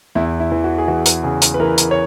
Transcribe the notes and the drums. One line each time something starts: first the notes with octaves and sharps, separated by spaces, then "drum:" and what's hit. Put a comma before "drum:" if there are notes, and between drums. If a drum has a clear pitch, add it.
E2 E4
E4
E3
F#4
G#4
E3 F#4
drum: hi-hat
C#3 G#4
drum: hi-hat
B4
E3 A#4
drum: hi-hat
C#5